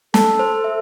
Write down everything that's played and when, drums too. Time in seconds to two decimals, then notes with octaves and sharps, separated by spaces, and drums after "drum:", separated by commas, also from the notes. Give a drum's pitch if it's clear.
0.14 A4 A5, drum: snare
0.39 C5
0.64 E5